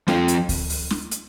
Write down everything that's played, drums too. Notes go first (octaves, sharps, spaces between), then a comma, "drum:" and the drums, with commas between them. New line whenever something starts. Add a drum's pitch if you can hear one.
F3 C4 F4, drum: snare
drum: hi-hat
drum: kick D2, open hi-hat
drum: open hi-hat
drum: snare
drum: hi-hat